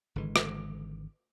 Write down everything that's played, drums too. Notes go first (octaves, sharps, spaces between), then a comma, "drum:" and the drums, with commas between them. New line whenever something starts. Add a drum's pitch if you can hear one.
G#1 D3 E3 G#3
drum: rim click